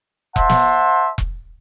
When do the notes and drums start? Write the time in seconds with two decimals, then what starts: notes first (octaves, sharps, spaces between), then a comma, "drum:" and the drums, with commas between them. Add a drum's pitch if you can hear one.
0.36 C5 E5 F#5 A5 C6, drum: kick E1
0.49 drum: snare
1.18 drum: kick E1